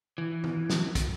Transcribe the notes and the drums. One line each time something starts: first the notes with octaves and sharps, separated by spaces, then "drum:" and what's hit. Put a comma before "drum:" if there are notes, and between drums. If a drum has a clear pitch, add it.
E3
drum: tom
drum: snare
drum: kick, hi-hat